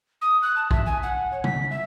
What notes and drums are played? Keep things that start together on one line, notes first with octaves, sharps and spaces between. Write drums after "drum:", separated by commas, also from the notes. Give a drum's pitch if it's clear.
D#6
F#6
A5
E5, drum: kick
G#5
F#5
C#5
B6, drum: tom
E5